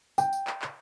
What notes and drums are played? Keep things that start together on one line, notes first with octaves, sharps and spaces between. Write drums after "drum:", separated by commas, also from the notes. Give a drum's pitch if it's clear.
G5, drum: tambourine
drum: tambourine
drum: clap
drum: clap